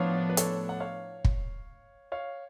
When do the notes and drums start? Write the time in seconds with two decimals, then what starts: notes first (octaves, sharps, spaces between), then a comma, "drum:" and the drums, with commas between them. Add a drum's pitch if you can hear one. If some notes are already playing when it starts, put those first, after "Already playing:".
Already playing: A2 F3 B3 D4 C#5 F5
0.29 B4
0.37 A4 C#5, drum: hi-hat
0.69 F#5
0.80 C#5 F5
1.25 drum: kick
2.12 C#5 F5